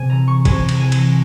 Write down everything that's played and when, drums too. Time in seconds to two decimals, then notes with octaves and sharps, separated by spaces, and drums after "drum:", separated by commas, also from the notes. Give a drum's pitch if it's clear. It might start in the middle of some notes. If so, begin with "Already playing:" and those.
Already playing: C3 G#5
0.10 E3 A#5
0.28 C#6
0.45 C3 G#5, drum: kick G#1, cymbal
0.69 drum: cymbal
0.80 E3 G#5
0.92 drum: cymbal